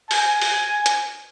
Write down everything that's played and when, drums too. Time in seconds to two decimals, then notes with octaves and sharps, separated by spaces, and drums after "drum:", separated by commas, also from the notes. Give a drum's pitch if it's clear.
0.11 G#5, drum: open hi-hat
0.41 drum: open hi-hat
0.86 drum: hi-hat